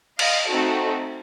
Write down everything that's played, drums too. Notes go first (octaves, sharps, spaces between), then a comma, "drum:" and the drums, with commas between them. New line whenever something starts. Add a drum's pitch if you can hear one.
D#5 F5, drum: cymbal
A3 C4 D#4 F#4 A4